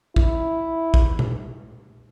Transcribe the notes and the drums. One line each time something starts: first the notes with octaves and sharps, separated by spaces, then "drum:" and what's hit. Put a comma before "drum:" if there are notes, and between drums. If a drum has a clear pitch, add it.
E4, drum: kick
drum: kick
drum: tom A#2